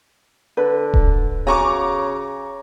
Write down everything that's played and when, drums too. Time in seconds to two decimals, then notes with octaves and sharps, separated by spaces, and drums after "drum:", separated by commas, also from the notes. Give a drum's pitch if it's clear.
0.57 D3 B4
0.94 drum: kick D#1
1.47 C#3 F#4 G#5 A#5 C#6 D6